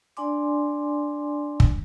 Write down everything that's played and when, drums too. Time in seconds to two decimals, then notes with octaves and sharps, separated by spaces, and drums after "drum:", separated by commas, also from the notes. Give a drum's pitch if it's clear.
0.17 D4 D5 G#5 C6 D6
1.60 drum: kick